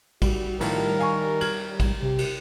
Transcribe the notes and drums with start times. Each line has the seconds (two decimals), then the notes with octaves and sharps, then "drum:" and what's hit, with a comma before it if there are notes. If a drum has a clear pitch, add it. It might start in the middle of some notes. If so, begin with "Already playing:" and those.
0.22 G3 F#4, drum: kick, cymbal
0.61 A2 D#3 F3 A#4, drum: cymbal
0.99 F5 G#5 C#6
1.41 F6 G#6 F#7, drum: cymbal
1.80 drum: kick, cymbal
2.03 C3 G4
2.18 drum: cymbal